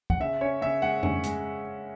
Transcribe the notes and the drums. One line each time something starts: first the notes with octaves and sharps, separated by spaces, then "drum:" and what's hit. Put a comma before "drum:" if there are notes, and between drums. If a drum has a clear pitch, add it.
F#5, drum: kick
C#3 E5
C#4 C#5
C#3 E5
G#3 F#5
C#4, drum: tom
G#3, drum: hi-hat